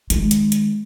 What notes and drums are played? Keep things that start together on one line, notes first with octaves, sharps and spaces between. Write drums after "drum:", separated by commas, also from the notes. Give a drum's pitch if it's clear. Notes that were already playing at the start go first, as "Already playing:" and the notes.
D#3 G#3, drum: hi-hat
drum: hi-hat
drum: hi-hat